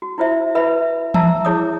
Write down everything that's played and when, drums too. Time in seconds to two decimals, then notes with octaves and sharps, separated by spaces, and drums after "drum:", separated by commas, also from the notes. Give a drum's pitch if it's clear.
0.02 F#4
0.18 E4 F4 C5 E5
0.55 E4 B4 E5 B5
1.14 E5 A5 A#5 E6, drum: tom E3
1.45 E4 G#4 C#5 D6 D#6